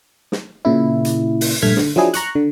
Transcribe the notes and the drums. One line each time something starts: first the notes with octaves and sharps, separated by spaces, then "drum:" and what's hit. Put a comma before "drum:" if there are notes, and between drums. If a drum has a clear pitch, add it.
drum: snare
A#2 C#3 E4
drum: hi-hat
drum: open hi-hat
A#1 G2 A3 F6 G#6 B6
D3, drum: snare
F3 F#3 D4 E4 G#4
A#5 C#6 F#6, drum: hi-hat
D3